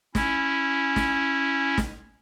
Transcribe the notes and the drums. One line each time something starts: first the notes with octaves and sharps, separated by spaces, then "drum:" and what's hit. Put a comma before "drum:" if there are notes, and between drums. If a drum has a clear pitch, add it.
C#4 E4, drum: snare
drum: snare
drum: snare